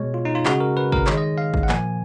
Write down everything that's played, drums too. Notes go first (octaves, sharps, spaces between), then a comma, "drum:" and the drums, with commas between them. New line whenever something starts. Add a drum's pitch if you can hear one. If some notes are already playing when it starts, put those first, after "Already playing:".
Already playing: B2 G#3 C#5
F4
D#4
F4
C#3 G#3 F#4, drum: clap
A#4
B4
A#4, drum: kick G#1
D#3 G#3 C#5, drum: clap
D#5
F5
drum: kick G#1
F#5
A#2 F3 A#3 G#5, drum: clap